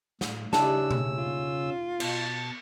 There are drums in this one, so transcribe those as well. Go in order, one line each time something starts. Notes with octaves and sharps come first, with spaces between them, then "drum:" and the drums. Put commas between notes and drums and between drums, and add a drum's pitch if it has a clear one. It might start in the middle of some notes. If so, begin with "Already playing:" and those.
A2, drum: snare
D#2 C#3 C#4 D4 E4 G4 A5 E6, drum: snare
drum: tom B2
F4
B2 F5 A5 A6, drum: cymbal